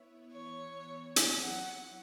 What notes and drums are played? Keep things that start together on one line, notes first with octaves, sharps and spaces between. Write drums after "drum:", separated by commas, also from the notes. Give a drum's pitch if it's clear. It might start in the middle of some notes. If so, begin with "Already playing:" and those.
Already playing: B3 E4 C#5 E5
E3 B3 E4 C#5
drum: hi-hat
F#3 E4 C#5 F#5